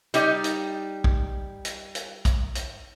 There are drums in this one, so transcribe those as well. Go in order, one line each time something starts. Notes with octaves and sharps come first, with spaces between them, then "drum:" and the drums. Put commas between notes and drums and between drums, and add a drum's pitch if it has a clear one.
G3 D#4 D5, drum: hi-hat
drum: hi-hat
drum: kick A#1
drum: hi-hat
drum: hi-hat
drum: kick A#1, hi-hat
drum: hi-hat